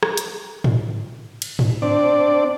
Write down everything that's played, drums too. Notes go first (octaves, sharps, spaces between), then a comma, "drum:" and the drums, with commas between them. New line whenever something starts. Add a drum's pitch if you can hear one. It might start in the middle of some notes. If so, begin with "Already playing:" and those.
drum: rim click
drum: hi-hat
drum: tom
drum: cymbal
drum: tom
C4 D4 D5